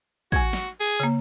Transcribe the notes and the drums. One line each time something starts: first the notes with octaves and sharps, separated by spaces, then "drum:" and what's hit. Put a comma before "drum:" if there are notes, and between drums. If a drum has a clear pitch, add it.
F#4 G#5 G#6, drum: kick
drum: snare
G#4
C#3 A#3